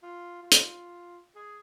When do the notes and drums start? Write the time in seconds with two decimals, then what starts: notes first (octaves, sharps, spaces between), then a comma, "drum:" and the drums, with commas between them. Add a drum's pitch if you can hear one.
0.03 F4
0.43 F4
0.52 drum: hi-hat
1.35 G#4